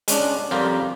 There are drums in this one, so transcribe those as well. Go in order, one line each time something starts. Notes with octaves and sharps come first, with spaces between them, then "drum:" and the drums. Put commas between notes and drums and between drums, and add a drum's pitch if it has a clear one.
G#3 C#4 D4, drum: hi-hat
F2 G3 F4 G4 A#4